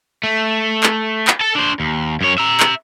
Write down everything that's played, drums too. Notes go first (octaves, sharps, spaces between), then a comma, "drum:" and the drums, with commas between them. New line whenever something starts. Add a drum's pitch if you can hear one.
A3
drum: clap
drum: clap
A4 A5
D4 C5
D#2
F#2 C#5
E5 A#5
drum: clap